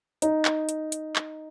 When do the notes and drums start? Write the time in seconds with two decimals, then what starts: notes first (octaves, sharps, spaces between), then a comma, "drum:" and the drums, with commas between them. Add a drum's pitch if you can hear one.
0.22 D#4, drum: hi-hat
0.45 drum: clap
0.69 drum: hi-hat
0.92 drum: hi-hat
1.16 drum: clap